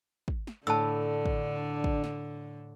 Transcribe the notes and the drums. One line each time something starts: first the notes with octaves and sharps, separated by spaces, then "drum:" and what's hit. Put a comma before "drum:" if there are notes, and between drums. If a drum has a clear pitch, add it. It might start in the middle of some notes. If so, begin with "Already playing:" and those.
drum: kick
drum: snare
A2 D3 D4 A5 E6
drum: kick
drum: kick
drum: snare